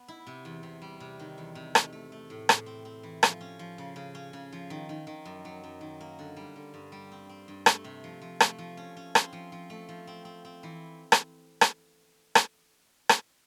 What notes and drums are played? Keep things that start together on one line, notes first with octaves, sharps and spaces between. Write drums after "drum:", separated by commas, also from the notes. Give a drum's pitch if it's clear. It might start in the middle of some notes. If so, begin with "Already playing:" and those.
Already playing: B3
E4
C3
E2
C3
G3
C3
D#3
E2
C3
A3, drum: rim click
A3
A3
A2
A2, drum: rim click
C4
C4
E3
F3, drum: rim click
C#4
F3
C#3
C#3
C#4
C#3
F3
D#3
D#3
D#3
F#2
F#3
F#2
D#3
A#3
D3
G3
D3
G2
G3
C4
C4
G2
A3, drum: rim click
C3
F3
F3
A3, drum: rim click
F3
C#4
C#4
C4, drum: rim click
F3
F3
A3
F3
C4
C4
C4
E3
drum: rim click
drum: rim click
drum: rim click
drum: rim click